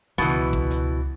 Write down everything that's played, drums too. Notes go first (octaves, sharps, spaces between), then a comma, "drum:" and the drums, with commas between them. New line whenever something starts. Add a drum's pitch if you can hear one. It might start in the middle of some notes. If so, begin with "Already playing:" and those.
C#2 B2 E3
drum: kick A1
drum: hi-hat